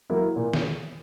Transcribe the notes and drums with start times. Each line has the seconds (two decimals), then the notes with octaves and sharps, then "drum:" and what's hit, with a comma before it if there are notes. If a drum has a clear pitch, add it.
0.10 F#3 A#3 E4
0.36 A#2
0.53 drum: snare